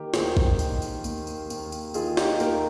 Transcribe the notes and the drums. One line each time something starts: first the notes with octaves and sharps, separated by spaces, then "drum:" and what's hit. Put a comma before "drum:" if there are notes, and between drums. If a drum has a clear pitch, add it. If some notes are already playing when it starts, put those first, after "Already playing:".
Already playing: D#3 A#3 G4 A#4
D#2 G#4 C5, drum: snare
drum: kick
D#3, drum: tambourine
drum: tambourine
D#2, drum: tambourine
drum: tambourine
D#2, drum: tambourine
drum: tambourine
D#3 F4 G#4, drum: tambourine
D#4 G4, drum: snare
D#2 G4 A#4, drum: tambourine